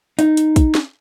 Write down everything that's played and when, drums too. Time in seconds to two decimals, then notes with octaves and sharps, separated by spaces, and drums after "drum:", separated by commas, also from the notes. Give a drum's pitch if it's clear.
0.19 D#4, drum: hi-hat
0.37 drum: hi-hat
0.56 drum: kick, hi-hat
0.75 drum: snare